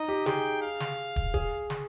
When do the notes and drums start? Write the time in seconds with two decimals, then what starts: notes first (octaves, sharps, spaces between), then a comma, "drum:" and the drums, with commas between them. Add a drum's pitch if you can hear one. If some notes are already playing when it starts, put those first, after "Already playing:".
Already playing: D#4 D#5
0.08 G4
0.26 G#4 G5, drum: snare
0.62 F5
0.80 drum: snare
1.16 drum: kick
1.34 G#4, drum: kick
1.70 drum: snare